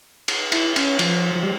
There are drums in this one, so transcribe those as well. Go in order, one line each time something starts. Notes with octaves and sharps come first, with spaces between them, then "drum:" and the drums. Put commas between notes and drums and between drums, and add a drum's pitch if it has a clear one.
drum: cymbal
E4, drum: cymbal
C#4, drum: cymbal
F3, drum: cymbal
F3
G3